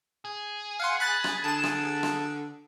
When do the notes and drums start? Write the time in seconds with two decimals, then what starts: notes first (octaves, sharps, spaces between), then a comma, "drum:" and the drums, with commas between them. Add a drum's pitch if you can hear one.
0.25 G#4
0.80 F5 F#5 C6
1.00 B5 F#6 A6
1.24 drum: rim click
1.44 D3 A5 E7
1.64 drum: rim click
2.03 drum: rim click